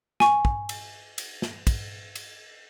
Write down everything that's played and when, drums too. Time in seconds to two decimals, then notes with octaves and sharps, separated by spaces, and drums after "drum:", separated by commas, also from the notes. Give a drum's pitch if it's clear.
0.20 G#5 C#6, drum: snare
0.45 drum: kick
0.69 drum: cymbal
1.18 drum: cymbal
1.42 drum: snare
1.67 drum: kick, cymbal
2.15 drum: cymbal